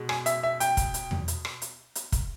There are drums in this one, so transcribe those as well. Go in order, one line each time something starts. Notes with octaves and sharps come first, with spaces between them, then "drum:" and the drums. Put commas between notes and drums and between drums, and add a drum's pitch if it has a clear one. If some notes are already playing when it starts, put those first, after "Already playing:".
Already playing: B2 G#3
G#5, drum: rim click
E5, drum: hi-hat
E5
G5, drum: hi-hat
drum: kick, hi-hat
drum: hi-hat
drum: tom E2
drum: hi-hat
drum: rim click
drum: hi-hat
drum: hi-hat
drum: kick, hi-hat